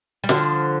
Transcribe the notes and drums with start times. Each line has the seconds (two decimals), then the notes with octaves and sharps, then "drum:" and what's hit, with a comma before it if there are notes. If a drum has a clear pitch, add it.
0.24 G3
0.29 D3 F3, drum: snare